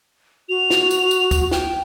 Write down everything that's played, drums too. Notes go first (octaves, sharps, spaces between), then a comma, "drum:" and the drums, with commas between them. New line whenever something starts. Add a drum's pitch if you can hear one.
F#4 F7
drum: snare
drum: tambourine
drum: tambourine
drum: kick, tambourine
G5, drum: snare